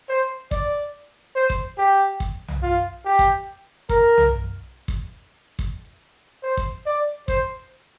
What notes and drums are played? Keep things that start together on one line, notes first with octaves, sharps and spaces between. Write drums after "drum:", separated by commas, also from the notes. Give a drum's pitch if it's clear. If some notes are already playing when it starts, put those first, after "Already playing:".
C5
D5, drum: kick
C5
drum: kick
G4
drum: kick
drum: tom
F4
G4
drum: kick
A#4, drum: kick
drum: tom
drum: kick
drum: kick
C5
drum: kick
D5
C5, drum: kick